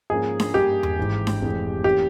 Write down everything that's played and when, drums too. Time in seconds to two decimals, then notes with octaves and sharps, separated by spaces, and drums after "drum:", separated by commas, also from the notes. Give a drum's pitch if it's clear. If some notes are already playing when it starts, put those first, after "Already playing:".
0.10 G#2 F3 A#3 C#4 G#4
0.40 drum: snare D4
0.54 G2 G3 A#3 G4
0.83 drum: tom E2
0.98 G#1 G#2 E3
1.27 drum: snare D4
1.41 F1 F2 E3 G#3
1.84 E3 A#3 C#4 G4